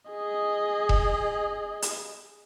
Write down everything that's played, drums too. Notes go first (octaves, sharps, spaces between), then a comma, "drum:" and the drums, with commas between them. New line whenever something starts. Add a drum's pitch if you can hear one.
G#4 D#5
drum: kick E1
drum: hi-hat